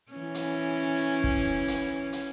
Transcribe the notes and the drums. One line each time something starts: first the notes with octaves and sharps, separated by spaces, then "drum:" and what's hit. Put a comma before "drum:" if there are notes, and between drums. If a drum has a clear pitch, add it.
E3 C#4
drum: hi-hat
drum: kick
drum: hi-hat
drum: hi-hat